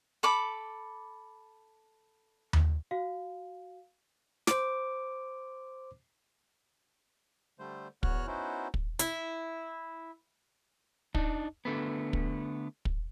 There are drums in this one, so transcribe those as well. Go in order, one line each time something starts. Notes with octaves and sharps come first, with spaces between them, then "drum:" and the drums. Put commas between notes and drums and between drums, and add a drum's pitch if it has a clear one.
A4 B5 D6
drum: tom D#2
F#4 F5
C5 D6, drum: snare
D3 G3 A3 C5
E2 B3 F#4 C#5 F6 F#6, drum: kick
B3 C#4 D#4 E4 F#4 C5
drum: kick
E4, drum: hi-hat
D4 D#4, drum: kick
D3 A3 B3
drum: kick
drum: kick